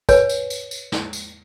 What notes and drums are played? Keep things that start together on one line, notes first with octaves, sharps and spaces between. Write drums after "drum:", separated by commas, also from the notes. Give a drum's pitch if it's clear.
B4 C#5 G#5, drum: kick, tambourine
drum: tambourine
drum: tambourine
drum: tambourine
drum: snare
drum: tambourine